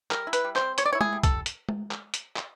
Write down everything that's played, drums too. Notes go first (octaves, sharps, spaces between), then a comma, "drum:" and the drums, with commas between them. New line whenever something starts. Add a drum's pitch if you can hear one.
G3 A#4, drum: clap
E4
B4, drum: hi-hat
G3
C5, drum: clap
C4
G3 C#5, drum: hi-hat
D5
E4 C#5
G#4, drum: tom G#3
G3
A4, drum: kick, hi-hat
drum: hi-hat
drum: tom G#3
drum: clap
drum: hi-hat
drum: clap